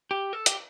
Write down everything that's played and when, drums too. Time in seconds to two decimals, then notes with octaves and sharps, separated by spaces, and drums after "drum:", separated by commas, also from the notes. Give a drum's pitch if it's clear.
0.11 G4
0.33 A4
0.46 G4, drum: hi-hat